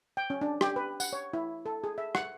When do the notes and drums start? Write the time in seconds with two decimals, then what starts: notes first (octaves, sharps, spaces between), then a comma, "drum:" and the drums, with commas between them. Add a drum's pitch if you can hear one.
0.17 G5
0.30 C#4
0.41 D4
0.61 G4, drum: rim click
0.76 B4
1.00 F#5, drum: tambourine
1.13 C#5
1.33 E4
1.66 A4
1.84 G#4
1.98 E5
2.15 F#5, drum: rim click